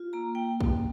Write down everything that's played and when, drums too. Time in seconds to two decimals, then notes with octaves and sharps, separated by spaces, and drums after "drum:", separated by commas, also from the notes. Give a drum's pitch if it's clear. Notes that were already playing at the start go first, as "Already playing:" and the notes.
Already playing: F4
0.13 A#3 A#5
0.35 A#3 G5
0.61 drum: kick